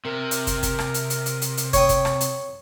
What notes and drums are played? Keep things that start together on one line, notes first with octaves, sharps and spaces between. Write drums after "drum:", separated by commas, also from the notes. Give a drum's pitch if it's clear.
C3 A#4
drum: hi-hat
drum: kick, hi-hat
drum: kick, hi-hat
drum: rim click
drum: hi-hat
drum: hi-hat
drum: hi-hat
drum: hi-hat
drum: hi-hat
C#5 G5 D#6, drum: kick, hi-hat
drum: kick, hi-hat
drum: rim click
drum: hi-hat